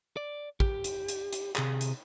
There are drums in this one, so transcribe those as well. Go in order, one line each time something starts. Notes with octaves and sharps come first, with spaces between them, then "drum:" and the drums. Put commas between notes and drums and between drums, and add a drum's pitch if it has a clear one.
D5
G4, drum: kick
drum: hi-hat
drum: hi-hat
drum: hi-hat
C3 G#4, drum: clap
drum: hi-hat